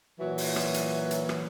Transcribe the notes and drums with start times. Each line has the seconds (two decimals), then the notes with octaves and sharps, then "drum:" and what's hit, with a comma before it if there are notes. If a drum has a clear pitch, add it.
0.20 A#2 E3 F#3
0.38 drum: open hi-hat
0.56 drum: rim click
0.74 drum: hi-hat
1.11 drum: hi-hat
1.29 drum: rim click